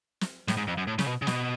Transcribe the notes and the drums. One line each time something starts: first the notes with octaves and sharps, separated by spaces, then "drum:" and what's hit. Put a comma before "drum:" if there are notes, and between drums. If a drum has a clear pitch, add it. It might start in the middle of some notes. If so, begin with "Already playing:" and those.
drum: snare
A2, drum: snare
G#2
F2
F#2
A2
C#3, drum: snare
B2
C#3
B2, drum: snare